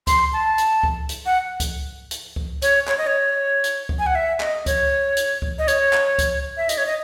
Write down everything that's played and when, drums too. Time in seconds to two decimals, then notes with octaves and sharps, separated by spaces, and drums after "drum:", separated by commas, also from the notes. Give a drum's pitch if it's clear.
0.07 C6, drum: kick C#2, hi-hat
0.33 A5
0.58 drum: hi-hat
0.83 drum: kick C#2
1.09 drum: hi-hat
1.26 F#5
1.60 drum: kick C#2, hi-hat
2.11 drum: hi-hat
2.36 drum: kick C#2
2.62 C#5, drum: hi-hat
2.88 C#5, drum: clap
2.98 D#5
3.07 C#5
3.64 drum: hi-hat
3.89 drum: kick C#2
3.99 G#5
4.06 F#5
4.15 E5
4.40 D#5, drum: clap
4.66 C#5, drum: kick C#2, hi-hat
5.17 drum: hi-hat
5.42 drum: kick C#2
5.59 D#5
5.68 C#5, drum: hi-hat
5.93 drum: clap
6.19 drum: kick C#2, hi-hat
6.57 E5
6.69 D#5, drum: hi-hat
6.78 C#5
6.86 D#5